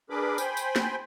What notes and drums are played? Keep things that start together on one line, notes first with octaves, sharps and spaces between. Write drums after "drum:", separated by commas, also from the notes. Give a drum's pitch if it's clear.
D4 G#4 A#4 B4 B5 D6
C5 G5 G#5 B5 C6, drum: tambourine
drum: tambourine
drum: snare